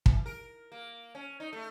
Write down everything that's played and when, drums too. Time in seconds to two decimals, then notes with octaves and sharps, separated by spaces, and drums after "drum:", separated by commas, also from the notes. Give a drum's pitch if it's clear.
0.06 E3, drum: kick
0.26 A#4
0.72 A#3
1.15 C#4
1.40 D#4
1.53 A3